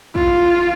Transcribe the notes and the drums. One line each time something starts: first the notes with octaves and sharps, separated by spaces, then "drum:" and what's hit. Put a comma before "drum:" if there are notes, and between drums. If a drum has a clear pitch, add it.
F4, drum: kick